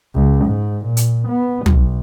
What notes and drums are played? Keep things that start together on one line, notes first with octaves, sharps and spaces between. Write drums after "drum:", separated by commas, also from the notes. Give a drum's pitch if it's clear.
C#2
G#2
A#2
drum: hi-hat
B3
B1, drum: tom